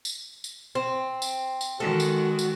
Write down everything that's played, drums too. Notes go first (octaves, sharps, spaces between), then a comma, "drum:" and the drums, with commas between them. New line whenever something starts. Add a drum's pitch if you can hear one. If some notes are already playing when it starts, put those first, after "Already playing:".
drum: tambourine
drum: tambourine
C4
drum: tambourine
drum: tambourine
D#3 G#3 F#4 A4
drum: tambourine
drum: tambourine